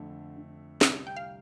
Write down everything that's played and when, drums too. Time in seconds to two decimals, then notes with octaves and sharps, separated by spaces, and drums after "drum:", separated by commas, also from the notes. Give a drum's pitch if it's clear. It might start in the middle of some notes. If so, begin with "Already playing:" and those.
Already playing: F2 D3 A3
0.36 D3
0.81 C2 E5, drum: snare
1.07 G5
1.16 F5